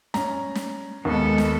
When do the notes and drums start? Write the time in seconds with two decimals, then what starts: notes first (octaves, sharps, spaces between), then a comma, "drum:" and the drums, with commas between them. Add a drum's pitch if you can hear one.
0.14 C#4 A#5, drum: snare
0.55 drum: snare
1.05 D#2 G#3 B3 A4
1.38 drum: snare